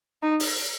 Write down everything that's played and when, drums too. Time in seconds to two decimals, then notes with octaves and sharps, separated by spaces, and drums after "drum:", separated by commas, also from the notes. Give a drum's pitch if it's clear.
0.22 D#4
0.40 drum: open hi-hat